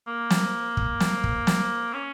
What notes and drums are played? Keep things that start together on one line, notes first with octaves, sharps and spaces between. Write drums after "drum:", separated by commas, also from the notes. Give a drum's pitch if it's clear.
A#3
drum: snare
drum: kick
drum: snare
drum: kick
drum: snare
C#4